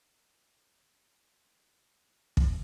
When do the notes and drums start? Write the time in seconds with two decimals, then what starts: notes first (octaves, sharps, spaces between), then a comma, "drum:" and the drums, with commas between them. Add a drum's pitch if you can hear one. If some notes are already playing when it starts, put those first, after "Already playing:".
Already playing: A#5 C#6
0.11 F2 F3 B3
0.45 F2 F3 B3 G#5 B5
0.80 F2 F3 B3 A#5 C#6
0.97 G#5 B5
1.15 F#2 C#3 G#3 C#4 F5 G#5
2.37 drum: kick